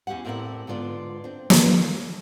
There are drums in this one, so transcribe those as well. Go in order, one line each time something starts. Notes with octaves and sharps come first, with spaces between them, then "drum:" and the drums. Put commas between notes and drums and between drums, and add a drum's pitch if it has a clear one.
E2 C#4 G4 F5 F#5
A2 C4 A#4 C#5 D5 F#5
G#2 D3 B3 F4 D5
C4 D4
D3 A#3 D4, drum: snare
A#3